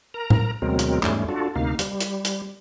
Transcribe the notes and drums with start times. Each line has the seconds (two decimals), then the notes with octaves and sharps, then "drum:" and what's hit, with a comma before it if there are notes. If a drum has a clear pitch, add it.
0.14 A#4 A#5
0.30 drum: tom A2
0.62 D2 B2 F#3 G#3 C4 A#4
0.79 drum: hi-hat
1.03 E2 G#2 G3 A3 C#4, drum: clap
1.29 D4 F4 F#4 A4
1.56 D2 C3 A#3 D#4 F5
1.79 G3, drum: hi-hat
2.01 drum: hi-hat
2.25 drum: hi-hat